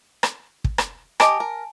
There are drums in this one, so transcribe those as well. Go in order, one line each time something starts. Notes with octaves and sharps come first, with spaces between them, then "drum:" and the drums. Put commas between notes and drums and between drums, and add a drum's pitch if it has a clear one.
drum: rim click
drum: kick
drum: rim click
G4 D#5 G#5 A5 D7, drum: rim click
A#4